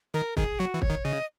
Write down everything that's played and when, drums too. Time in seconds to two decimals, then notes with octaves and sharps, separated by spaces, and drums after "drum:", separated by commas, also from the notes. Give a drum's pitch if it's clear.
0.14 D#3 A#4
0.37 D#3 G#4, drum: kick
0.59 F#3 F#4
0.74 E3
0.82 C#5, drum: kick
0.90 D#3
1.05 C#3 D#5